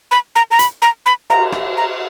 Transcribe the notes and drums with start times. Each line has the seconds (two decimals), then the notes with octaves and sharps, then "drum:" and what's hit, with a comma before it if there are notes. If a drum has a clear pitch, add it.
0.11 B5
0.36 A#5
0.51 A#5
0.59 B5, drum: hi-hat
0.82 A#5
1.06 B5
1.30 A#5, drum: cymbal
1.52 drum: rim click
1.77 A#5